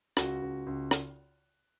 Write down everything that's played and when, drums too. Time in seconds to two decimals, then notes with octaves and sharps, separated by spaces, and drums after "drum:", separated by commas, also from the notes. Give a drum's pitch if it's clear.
0.17 C#2 F#4, drum: rim click
0.42 C#2
0.67 C#2
0.91 drum: rim click